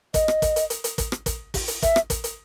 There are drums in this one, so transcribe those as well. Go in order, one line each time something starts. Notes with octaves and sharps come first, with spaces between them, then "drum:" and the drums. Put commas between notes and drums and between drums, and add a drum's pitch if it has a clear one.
D#5, drum: kick, hi-hat
drum: rim click
drum: kick, hi-hat
drum: hi-hat
drum: hi-hat
drum: hi-hat
drum: kick, hi-hat
drum: rim click
drum: kick, hi-hat
drum: kick, open hi-hat
drum: hi-hat
E5, drum: kick, hi-hat
drum: rim click
drum: kick, hi-hat
drum: hi-hat